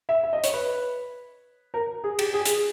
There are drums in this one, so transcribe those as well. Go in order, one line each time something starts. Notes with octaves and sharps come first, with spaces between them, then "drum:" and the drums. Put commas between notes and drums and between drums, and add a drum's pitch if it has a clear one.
E5
E5
D#5
C#5, drum: hi-hat
B4
A#4
G#4
G4, drum: cymbal
G#4
drum: hi-hat